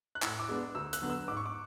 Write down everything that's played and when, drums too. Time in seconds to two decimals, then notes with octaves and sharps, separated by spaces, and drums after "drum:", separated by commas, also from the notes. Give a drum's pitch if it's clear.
0.15 F#6
0.22 A2 E6, drum: clap
0.39 D6
0.49 G#3 B3 D4
0.75 D2 E6
0.93 F#6, drum: hi-hat
1.02 D3 F#3 B3
1.10 E6
1.28 G#2 D6
1.37 C#6
1.46 D6